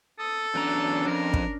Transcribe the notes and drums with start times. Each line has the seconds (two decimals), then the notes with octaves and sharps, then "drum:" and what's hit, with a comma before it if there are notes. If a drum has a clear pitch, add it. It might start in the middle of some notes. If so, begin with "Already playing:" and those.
0.19 A4 D#6
0.55 E2 F#3 C#4 D4 A#5
1.07 F2 A#4
1.34 drum: kick